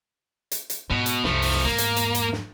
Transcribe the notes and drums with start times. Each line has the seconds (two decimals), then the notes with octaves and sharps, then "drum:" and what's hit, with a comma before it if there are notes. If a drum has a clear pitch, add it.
0.51 drum: hi-hat
0.70 drum: hi-hat
0.91 G#2 B2
1.06 drum: hi-hat
1.24 C2 F#2 F3 A3, drum: snare
1.42 drum: open hi-hat
1.65 E2 G#2 A#3
1.78 drum: hi-hat
1.96 drum: hi-hat
2.15 drum: hi-hat
2.33 drum: snare